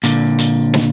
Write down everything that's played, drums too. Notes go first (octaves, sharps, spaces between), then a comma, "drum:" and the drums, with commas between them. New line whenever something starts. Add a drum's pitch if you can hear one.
A#2 D3, drum: hi-hat
drum: hi-hat
drum: snare